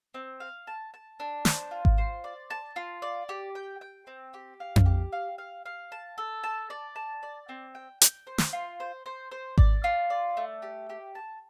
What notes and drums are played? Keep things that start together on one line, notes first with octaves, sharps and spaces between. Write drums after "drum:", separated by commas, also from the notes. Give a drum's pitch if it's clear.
C4
F5
A5
A5
D4
C5, drum: snare
F4
drum: kick G#1
C5
D5
A5
F4
D5
G4
G5
G5
C4
G4
F5
drum: tom F2
G4
F5
F5
F5
A5
A4
A5
D5
A5
D5
C4
G5
G5, drum: hi-hat
C5
drum: snare
F4
C5
C5
C5
D5, drum: kick G#1
F4
D5
A3
G4
G4
A5